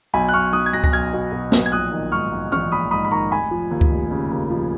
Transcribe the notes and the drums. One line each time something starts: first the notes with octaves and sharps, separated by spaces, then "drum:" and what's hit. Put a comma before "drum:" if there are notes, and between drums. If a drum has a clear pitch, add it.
B1 G#5 B5
F#6
B1 C#6 F6
B1 D#6 F#6
G#6
B1 F#6 A#6
A#6, drum: kick C#2
B1 F6 G#6
B2
B2
B1, drum: snare
G#6
A#1 D#6 F#6
D#3
G#2 C#6 F6
G#2
A#1 C#6 F6, drum: tom
A#1 B5 D#6
G#2 B5 D#6
B5
D#3 A#5 C#6
F1 G#5 B5
F3
D#2
drum: kick C#2
F1
C#3
D#2
F3